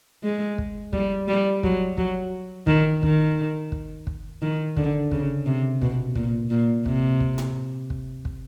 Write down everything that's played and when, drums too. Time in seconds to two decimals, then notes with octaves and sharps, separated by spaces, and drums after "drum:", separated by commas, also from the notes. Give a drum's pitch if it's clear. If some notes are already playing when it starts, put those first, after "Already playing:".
0.24 G#3
0.58 drum: kick
0.93 G3, drum: kick
1.28 G3
1.63 F#3, drum: kick
1.97 F#3, drum: kick
2.67 D#3, drum: kick
3.03 D#3, drum: kick
3.72 drum: kick
4.07 drum: kick
4.42 D#3
4.77 D3, drum: kick
5.11 C#3, drum: kick
5.46 C3
5.82 B2, drum: kick
6.15 A#2, drum: kick
6.50 A#2
6.86 C3, drum: kick
7.20 drum: kick
7.38 drum: tom A2
7.90 drum: kick
8.25 drum: kick